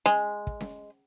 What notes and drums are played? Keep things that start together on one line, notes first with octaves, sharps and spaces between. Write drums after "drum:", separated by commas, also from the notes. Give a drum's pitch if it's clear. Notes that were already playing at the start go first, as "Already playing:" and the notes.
G#3, drum: snare C#4
drum: kick
drum: snare C#4